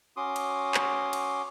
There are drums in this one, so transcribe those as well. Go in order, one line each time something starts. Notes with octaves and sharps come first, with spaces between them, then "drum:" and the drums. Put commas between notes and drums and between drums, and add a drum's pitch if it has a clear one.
C#4 F#4 C6 D6 D#6
drum: cymbal
drum: clap
drum: cymbal